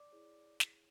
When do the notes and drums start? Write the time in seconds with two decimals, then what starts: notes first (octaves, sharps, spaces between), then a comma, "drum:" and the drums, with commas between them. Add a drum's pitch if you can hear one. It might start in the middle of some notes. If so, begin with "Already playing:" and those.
Already playing: D5 D6
0.12 E4 G#4 C#5
0.60 drum: snare